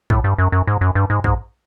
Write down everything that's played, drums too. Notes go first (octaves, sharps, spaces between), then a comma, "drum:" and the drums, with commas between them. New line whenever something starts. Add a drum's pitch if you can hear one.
A2, drum: kick
G2
F#2
F#2
G#2
F#2
G2
G#2
G#2, drum: kick